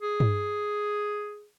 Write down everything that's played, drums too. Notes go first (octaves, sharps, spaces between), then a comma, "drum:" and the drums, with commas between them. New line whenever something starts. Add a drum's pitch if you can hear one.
G#4
drum: tom